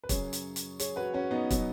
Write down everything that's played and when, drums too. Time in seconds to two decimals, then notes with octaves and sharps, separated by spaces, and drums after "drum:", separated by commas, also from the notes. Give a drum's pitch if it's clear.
0.04 B4
0.09 F#2 C#3 F#3 G#4 C#5, drum: kick, hi-hat
0.33 drum: hi-hat
0.56 drum: hi-hat
0.79 G#4 C#5, drum: hi-hat
0.96 F#4 B4
1.14 C#4 F#4
1.31 B3 D#4
1.50 B2 F#3, drum: kick, hi-hat